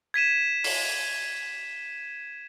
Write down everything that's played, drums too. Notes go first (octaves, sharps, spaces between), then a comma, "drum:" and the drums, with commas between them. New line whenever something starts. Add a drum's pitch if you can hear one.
G#6 B6 D#7 E7
drum: open hi-hat